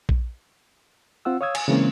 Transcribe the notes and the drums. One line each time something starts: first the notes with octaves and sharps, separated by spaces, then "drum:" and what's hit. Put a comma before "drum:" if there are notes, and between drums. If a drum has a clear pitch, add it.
drum: kick A#1
C4 F4 F#5 E6
C#5 F5 D#6 E6 G#6
G#5, drum: cymbal
C#3 E3 G#3 A#3 C4 C#4